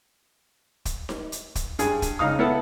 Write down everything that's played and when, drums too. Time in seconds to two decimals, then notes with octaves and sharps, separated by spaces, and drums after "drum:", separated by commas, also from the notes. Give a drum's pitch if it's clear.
0.85 drum: kick, hi-hat
1.09 drum: snare D#4
1.32 drum: hi-hat
1.55 drum: kick, hi-hat
1.79 G2 G#4 G#5, drum: hi-hat
2.02 drum: kick, hi-hat
2.19 C#2 D#4 F5 D#6
2.39 B3 E4 A4 F#5 A5